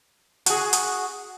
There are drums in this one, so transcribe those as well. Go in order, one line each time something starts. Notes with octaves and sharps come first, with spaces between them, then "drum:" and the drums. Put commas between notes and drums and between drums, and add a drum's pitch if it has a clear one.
F#4 G#4, drum: hi-hat
drum: hi-hat